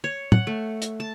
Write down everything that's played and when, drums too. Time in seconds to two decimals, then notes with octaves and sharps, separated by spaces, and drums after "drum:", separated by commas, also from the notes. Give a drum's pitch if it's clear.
0.04 C#5
0.32 F#5, drum: tom
0.47 A3
0.82 drum: hi-hat
1.00 A5